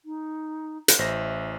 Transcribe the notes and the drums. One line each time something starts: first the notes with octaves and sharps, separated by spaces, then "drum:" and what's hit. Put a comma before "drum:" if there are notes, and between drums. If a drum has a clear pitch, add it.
D#4
drum: hi-hat
A1 C5 E5 A#6